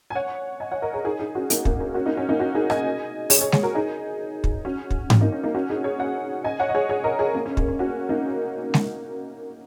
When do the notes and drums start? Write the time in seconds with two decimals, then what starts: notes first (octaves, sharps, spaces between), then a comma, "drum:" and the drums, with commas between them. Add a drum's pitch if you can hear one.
0.10 G#5
0.15 C#5 F#5
0.60 D#5 G#5
0.71 C#5 F#5
0.82 A#4 D#5
0.94 G#4 C#5
1.05 D#4 G#4
1.19 D#4 G#4
1.35 C#4 F#4
1.50 A#3 D#4, drum: hi-hat
1.65 A#3, drum: kick
1.80 C#4
1.94 C#4 F#4
2.06 A#3 D#4
2.17 C#4
2.29 A#3 D#4
2.40 C#4 F#4
2.55 D#4 G#4
2.70 D#5 G#5, drum: rim click
3.30 G#4 C#5, drum: open hi-hat
3.41 G#4 C#5
3.52 G#4 C#5, drum: snare G#3
3.63 F#4 A#4
3.75 D#4 G#4
4.44 drum: kick
4.65 C#4 F#4
4.91 drum: kick
5.10 C#4, drum: tom G#2
5.21 A#3 D#4
5.32 C#4
5.43 A#3 D#4
5.55 C#4 F#4
5.70 D#4 G#4
5.84 G#4 C#5
6.00 C#5 F#5
6.44 D#5 G#5
6.60 C#5 F#5
6.69 D#5
6.75 G#4 C#5
6.89 G#4 C#5
7.04 A#4 D#5
7.19 G#4 C#5
7.35 A#3
7.46 C#4
7.57 C#4, drum: kick
7.68 C#4
7.79 C#4 F#4
8.09 A#3 D#4
8.74 drum: snare G#3